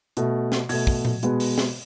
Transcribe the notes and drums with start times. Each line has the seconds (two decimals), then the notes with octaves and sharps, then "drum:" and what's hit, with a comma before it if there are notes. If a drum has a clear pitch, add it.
0.17 B2 A3, drum: hi-hat
0.52 drum: snare
0.69 B2 A3 G#6, drum: open hi-hat
0.87 drum: kick
1.05 drum: tom A#2
1.23 B2 G#3 B3, drum: hi-hat
1.40 drum: open hi-hat
1.58 drum: snare